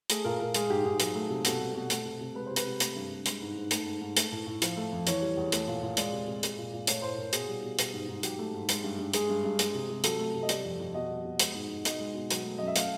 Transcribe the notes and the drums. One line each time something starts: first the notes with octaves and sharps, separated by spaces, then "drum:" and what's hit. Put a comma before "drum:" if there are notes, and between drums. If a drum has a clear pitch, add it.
A3 G#4, drum: hi-hat
A#2 A#4
A#2 A#4
G#3 G#4, drum: hi-hat
G#2 G4
G#2 G#4
F#3, drum: hi-hat
A3
C3
B2 A4, drum: hi-hat
G3
B2
A3, drum: hi-hat
C3
C3
G#3 B4
C3 C5
B4, drum: hi-hat
C3
A3, drum: hi-hat
G2
G2
G#3, drum: hi-hat
G#2
G#2
A3, drum: hi-hat
G#2
G#2
A3, drum: hi-hat
A2
A2
F3, drum: hi-hat
A3
F2
E3 C#5, drum: hi-hat
G3
E2
A3, drum: hi-hat
A#2
A#2
G#3 D5, drum: hi-hat
C3
C3
G#3, drum: hi-hat
A#2
A#2
A3 C#5, drum: hi-hat
A2 C5
A2 A#4
B2 G#4, drum: hi-hat
G3
B2
G3, drum: hi-hat
G#2
G#2
F#3 G4, drum: hi-hat
A3
G#2
G#3, drum: hi-hat
G2
G2
G#3 G#4, drum: hi-hat
G2
G2
G#3, drum: hi-hat
C3
C3
F#3 A4, drum: hi-hat
A3
C3
D#5
G3 D5, drum: hi-hat
F2
F2
B2 D#5
G3
B2
G#3, drum: hi-hat
G#2
G#2
B2 D#5, drum: hi-hat
G#3
B2
F#3, drum: hi-hat
A3
F#2 D#5
E5
A3 F5, drum: hi-hat